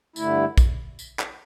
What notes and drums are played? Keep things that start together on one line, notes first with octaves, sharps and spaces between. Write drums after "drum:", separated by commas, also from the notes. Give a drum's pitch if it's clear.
G2 D3 A3 E4, drum: tambourine
drum: kick, tambourine
drum: tambourine
drum: clap